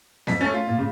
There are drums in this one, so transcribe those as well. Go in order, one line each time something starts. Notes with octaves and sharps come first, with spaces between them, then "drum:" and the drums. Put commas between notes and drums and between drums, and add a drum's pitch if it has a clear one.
F2 B6, drum: snare B3
A3 C#4 A6
F4
A#2
C#3